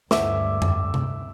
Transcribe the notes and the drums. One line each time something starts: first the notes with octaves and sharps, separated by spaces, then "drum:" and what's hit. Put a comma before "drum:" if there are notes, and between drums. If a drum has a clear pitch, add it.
D2 G2 E5 D6, drum: snare
drum: tom F2
drum: tom C3